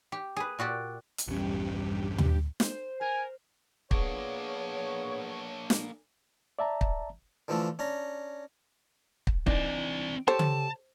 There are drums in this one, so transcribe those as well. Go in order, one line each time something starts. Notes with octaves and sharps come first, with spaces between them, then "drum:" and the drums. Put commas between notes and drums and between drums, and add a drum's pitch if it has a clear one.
G4
G#4 B4
A#2 F#4 G4 D5
drum: hi-hat
A#1 E2 G2 C#4 G4
drum: tom D#2
C5, drum: snare
A#4 G#5
A#3 B3 D4 G#4 C#5, drum: kick
drum: snare
D5 E5 A5 A#5
drum: kick
D3 E3 F3 A3 D4
C#4 D4 A#5
drum: kick
E3 C4 D4 D#4 D5, drum: kick
G4 A4 C5 C#5 A5
drum: tom C#3